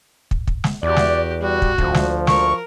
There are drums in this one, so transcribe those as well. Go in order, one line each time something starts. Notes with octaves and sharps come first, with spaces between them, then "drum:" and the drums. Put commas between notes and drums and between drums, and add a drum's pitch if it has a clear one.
drum: kick
drum: kick
drum: snare
E2 F#4 G4 D5
drum: snare
G3 F#4
drum: kick
D2 F3, drum: kick
drum: snare
A#4 C#6, drum: snare